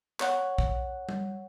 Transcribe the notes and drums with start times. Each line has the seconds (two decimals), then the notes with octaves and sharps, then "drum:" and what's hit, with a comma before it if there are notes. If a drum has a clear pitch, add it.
0.20 C#5 F#5, drum: clap
0.58 drum: kick B1
1.09 drum: tom